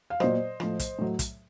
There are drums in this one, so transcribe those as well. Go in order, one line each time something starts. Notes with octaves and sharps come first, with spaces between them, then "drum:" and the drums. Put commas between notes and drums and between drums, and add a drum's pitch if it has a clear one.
F5
A#2 F#3 C5 D#5, drum: rim click
A2 F3, drum: rim click
drum: kick, hi-hat
A2 F#3
drum: kick, hi-hat